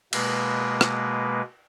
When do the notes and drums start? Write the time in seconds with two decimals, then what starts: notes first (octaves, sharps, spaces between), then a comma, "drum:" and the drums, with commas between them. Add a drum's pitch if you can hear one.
0.13 B2 G#3 A#3 B4, drum: cymbal
0.81 drum: rim click